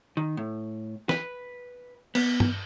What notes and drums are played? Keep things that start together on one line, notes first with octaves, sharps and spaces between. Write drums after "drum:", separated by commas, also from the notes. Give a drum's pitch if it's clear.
D#3
A2
B4, drum: snare
B3, drum: cymbal
drum: tom G2